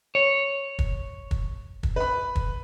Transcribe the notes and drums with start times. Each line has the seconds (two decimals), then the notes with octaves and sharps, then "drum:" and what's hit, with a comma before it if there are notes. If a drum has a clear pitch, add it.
0.15 C#5
0.79 drum: kick
1.31 drum: kick
1.83 drum: kick
1.96 B4 B5
2.36 drum: kick